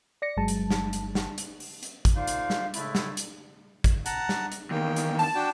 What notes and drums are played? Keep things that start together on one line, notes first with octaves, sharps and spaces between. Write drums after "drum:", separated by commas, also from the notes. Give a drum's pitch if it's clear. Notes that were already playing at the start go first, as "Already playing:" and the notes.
D5 A#6 C#7
G1 G2 F#3 G#3 A5
drum: hi-hat
drum: snare
drum: hi-hat
drum: snare
drum: hi-hat
drum: open hi-hat
drum: hi-hat
drum: kick, hi-hat
A3 D#4 F4 C5 D5 F5
drum: hi-hat
drum: snare
A2 C#3 G#3 A3 E4, drum: hi-hat
drum: snare
drum: hi-hat
drum: kick, hi-hat
F#5 A5 A#5, drum: hi-hat
drum: snare
drum: hi-hat
E2 D#3 A#3 G5
drum: hi-hat
A5, drum: open hi-hat
D4 F#4 G5